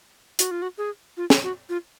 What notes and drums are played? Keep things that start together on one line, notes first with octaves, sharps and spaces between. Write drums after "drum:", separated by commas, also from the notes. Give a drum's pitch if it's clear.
F#4, drum: hi-hat
F4
F#4
G#4
F4
drum: snare
F#4
F4